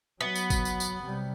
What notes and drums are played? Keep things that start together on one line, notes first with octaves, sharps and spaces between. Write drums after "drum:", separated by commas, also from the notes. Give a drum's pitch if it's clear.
F#3 B3
drum: tambourine
drum: kick, tambourine
drum: tambourine
drum: tambourine
C3 G3